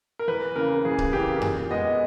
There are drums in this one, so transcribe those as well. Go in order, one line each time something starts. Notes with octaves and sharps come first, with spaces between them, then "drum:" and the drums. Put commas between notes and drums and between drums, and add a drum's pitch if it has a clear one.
A#4
E2 B4
C#3 E3 A#3 A#4
E2 G#4
drum: kick C#1
C#3 E3 A#3 G4
A#2, drum: tom F2
G#3 B3 D#5